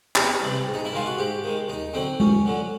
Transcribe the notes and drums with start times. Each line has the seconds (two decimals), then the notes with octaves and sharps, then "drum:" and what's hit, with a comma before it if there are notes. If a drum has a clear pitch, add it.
0.16 E2 G4, drum: clap
0.41 C3 E3 G3
0.67 G#2
0.74 D#4
0.85 E4
0.92 D#3 G#3 F4
1.06 F#4
1.18 G#2 G4
1.44 D#3 G#3
1.68 D#2 D#4
1.94 D3 F#3 C4
2.20 D#2 C#4, drum: tom G#3
2.46 D3 F#3